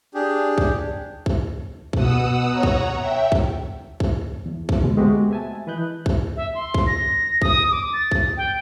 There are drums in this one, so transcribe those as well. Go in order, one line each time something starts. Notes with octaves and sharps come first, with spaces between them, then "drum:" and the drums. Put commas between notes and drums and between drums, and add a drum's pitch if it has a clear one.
D4 G4 G#4
drum: kick
drum: kick
B2 F#5 D#6 E6, drum: kick
C#5 F#5 A#5
drum: kick
E5 G5
drum: kick
drum: kick
E2
drum: kick
D2 B2 G#3
G#3 A3 B3 C4 F#4 G4
E5 G#5 A5
E3 B4 D#5 F#6 G6
drum: kick
E5
C6
drum: kick
A#6
D#6, drum: kick
D6
A6
drum: kick
G5